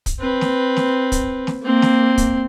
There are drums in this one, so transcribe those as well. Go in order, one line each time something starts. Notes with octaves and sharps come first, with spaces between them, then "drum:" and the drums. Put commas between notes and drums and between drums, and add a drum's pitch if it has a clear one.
drum: kick, hi-hat
C4 B4
drum: snare
drum: snare
drum: kick, hi-hat
drum: snare
A#3 C4
drum: snare
drum: kick, hi-hat